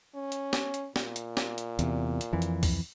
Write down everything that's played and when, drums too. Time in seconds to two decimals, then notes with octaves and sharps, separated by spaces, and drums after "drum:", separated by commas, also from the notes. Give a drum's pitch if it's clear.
0.15 C#4
0.32 drum: hi-hat
0.53 drum: snare
0.74 drum: hi-hat
0.96 A#2, drum: snare
1.16 drum: hi-hat
1.37 drum: snare
1.58 drum: hi-hat
1.79 E2 C3, drum: hi-hat
2.21 drum: hi-hat
2.33 F2 E3
2.42 drum: hi-hat
2.63 drum: kick C#2, open hi-hat